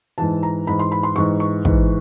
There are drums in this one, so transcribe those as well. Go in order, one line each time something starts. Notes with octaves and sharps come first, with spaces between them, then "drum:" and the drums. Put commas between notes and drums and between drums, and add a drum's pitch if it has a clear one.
G#2 E3 A5
A#5
G#2 E3 B5
C6
B5
C6
G#2 E3 C#6
C#6
G#2 E3, drum: kick